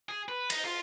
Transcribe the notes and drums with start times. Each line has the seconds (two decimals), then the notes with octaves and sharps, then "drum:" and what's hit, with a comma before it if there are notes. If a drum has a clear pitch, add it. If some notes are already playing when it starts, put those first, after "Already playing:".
0.09 G#4
0.29 B4
0.50 D#4, drum: cymbal
0.65 F4